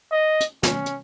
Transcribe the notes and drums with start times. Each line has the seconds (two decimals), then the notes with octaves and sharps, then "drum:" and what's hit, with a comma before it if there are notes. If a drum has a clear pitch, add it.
0.12 D#5
0.40 drum: hi-hat
0.63 C#4, drum: snare
0.86 drum: hi-hat